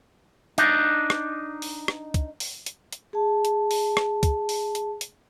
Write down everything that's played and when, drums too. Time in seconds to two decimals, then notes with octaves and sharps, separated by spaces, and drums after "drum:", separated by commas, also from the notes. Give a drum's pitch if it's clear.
0.58 D4 D#4, drum: hi-hat
1.10 drum: rim click
1.62 drum: open hi-hat
1.88 drum: rim click
2.14 drum: kick, hi-hat
2.40 drum: open hi-hat
2.66 drum: hi-hat
2.92 drum: hi-hat
3.13 G#4 A5
3.45 drum: hi-hat
3.71 drum: open hi-hat
3.97 drum: rim click
4.23 drum: kick, hi-hat
4.49 drum: open hi-hat
4.75 drum: hi-hat
5.01 drum: hi-hat